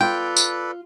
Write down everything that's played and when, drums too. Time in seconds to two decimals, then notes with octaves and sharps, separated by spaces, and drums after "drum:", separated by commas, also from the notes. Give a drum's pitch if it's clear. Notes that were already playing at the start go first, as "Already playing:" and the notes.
0.01 F4 A4 B4 D5 G5
0.37 drum: tambourine